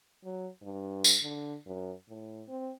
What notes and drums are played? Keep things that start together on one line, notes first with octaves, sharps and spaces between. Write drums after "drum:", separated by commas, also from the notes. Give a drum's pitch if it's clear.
F#3
G2
drum: tambourine
D3
F#2
A2
C4